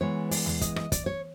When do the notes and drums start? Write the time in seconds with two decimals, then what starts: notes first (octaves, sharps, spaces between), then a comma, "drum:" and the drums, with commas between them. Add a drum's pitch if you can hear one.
0.01 E3 G#3 B3 C#5
0.31 D5, drum: open hi-hat
0.46 drum: tom D#2
0.61 D#5, drum: kick, hi-hat
0.76 D#5, drum: rim click
0.92 D5, drum: kick, hi-hat
1.06 C#5